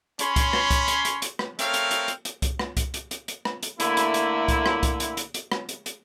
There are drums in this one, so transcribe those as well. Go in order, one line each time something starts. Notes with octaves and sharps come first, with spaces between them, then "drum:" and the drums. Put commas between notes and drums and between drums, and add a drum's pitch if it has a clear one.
C#4 C#5 B5 C6, drum: hi-hat
drum: kick C2, hi-hat
drum: rim click
drum: kick C2, hi-hat
drum: hi-hat
drum: hi-hat
drum: hi-hat
drum: rim click
A3 C4 A#4 C#5 F5, drum: hi-hat
drum: hi-hat
drum: hi-hat
drum: hi-hat
drum: hi-hat
drum: kick C2, hi-hat
drum: rim click
drum: kick C2, hi-hat
drum: hi-hat
drum: hi-hat
drum: hi-hat
drum: rim click
drum: hi-hat
D3 A3 A#3 E4, drum: hi-hat
drum: hi-hat
drum: hi-hat
drum: kick C2, hi-hat
drum: rim click
drum: kick C2, hi-hat
drum: hi-hat
drum: hi-hat
drum: hi-hat
drum: rim click
drum: hi-hat
drum: hi-hat